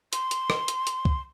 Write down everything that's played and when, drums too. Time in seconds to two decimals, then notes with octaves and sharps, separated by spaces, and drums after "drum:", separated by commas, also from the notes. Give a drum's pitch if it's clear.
0.13 C6, drum: hi-hat
0.31 drum: hi-hat
0.50 drum: rim click
0.68 drum: hi-hat
0.87 drum: hi-hat
1.05 drum: kick